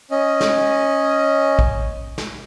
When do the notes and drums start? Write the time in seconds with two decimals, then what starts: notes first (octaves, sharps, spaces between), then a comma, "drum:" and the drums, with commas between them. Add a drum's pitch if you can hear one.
0.11 C#4 D#5
0.41 drum: snare
1.59 drum: kick A#1
2.18 drum: snare